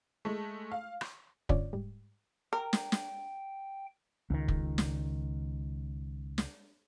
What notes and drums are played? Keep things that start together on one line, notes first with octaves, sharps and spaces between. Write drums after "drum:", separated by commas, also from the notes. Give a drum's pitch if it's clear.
G#3 A3
F5
drum: rim click
G2 D3 C#4 F4 D5, drum: kick
G#2 G3
A#4 G5
drum: snare
drum: snare
C#2 D#3
drum: kick
drum: snare
drum: snare